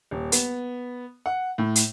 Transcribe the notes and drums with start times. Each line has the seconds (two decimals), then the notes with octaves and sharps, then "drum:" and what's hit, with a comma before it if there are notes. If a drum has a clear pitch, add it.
0.11 D#1
0.32 B3, drum: hi-hat
1.26 F#5
1.58 A2
1.76 drum: hi-hat